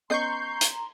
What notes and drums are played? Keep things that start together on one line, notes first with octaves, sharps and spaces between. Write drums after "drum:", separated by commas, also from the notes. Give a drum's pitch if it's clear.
B3 C#4 D#5 A#5 C6 C#6 G6 C7
drum: hi-hat